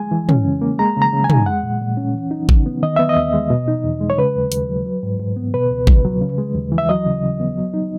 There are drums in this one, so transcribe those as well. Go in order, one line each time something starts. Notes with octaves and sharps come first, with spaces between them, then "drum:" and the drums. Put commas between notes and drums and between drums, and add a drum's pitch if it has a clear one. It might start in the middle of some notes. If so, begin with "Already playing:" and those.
Already playing: G#3 G#5
E3
C#4, drum: tom
C#3
A#3
G#3 A#5
C#3
A#5
C#3
G#5
D#4, drum: tom
G#3 F#5
A#2
A#2
C#4
E3
D#4
C#3, drum: kick
B3
D#3 D#5
B3 E5
D#5
D#2
G#3
B2
D#4
E2
G#3
C#5
C#3 B4
D#2
D#2, drum: hi-hat
F#3
F#3
G#2
G#2
B3
B2 B4
C#2
C#2, drum: kick
F#3
C#3
G#3
D#2
E3
E5
F#3 D#5
C#3
C#3
B3
F#3
D#4